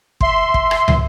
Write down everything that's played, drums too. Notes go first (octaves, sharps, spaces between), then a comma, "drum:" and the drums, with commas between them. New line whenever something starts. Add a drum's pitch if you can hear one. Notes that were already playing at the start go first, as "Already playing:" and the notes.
E5 C6, drum: kick
drum: kick
drum: rim click
drum: tom